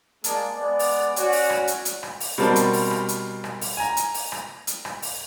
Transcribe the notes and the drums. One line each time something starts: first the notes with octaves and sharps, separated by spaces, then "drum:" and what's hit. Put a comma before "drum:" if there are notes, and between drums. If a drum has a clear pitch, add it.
G#3 A#3 G#4 D5 A5, drum: hi-hat
G#3 B3 D5
drum: open hi-hat
C#4 F#4 C#5 D5, drum: hi-hat
drum: open hi-hat
drum: rim click
drum: hi-hat
drum: hi-hat
drum: rim click
drum: open hi-hat
B2 G3 C4 A#4 A5
drum: hi-hat
drum: open hi-hat
drum: rim click
drum: hi-hat
drum: rim click
drum: open hi-hat
G#5 A#5
drum: hi-hat
drum: open hi-hat
drum: rim click
drum: hi-hat
drum: rim click
drum: open hi-hat